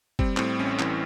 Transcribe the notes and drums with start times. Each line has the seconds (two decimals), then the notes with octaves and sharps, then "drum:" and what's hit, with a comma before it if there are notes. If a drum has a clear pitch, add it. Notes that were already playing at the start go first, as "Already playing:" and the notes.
0.19 G3 C4, drum: kick F#1
0.37 A2 C4, drum: clap
0.59 A1 C#4
0.79 E3, drum: clap